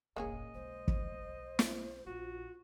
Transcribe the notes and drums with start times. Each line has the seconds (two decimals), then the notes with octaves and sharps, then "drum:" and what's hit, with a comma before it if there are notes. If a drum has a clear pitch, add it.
0.16 E1 A1 A#3 C#4 G#4 D#5
0.54 B1 G#3 C5
0.88 drum: kick
1.59 drum: snare
2.06 A#1 F4 F#4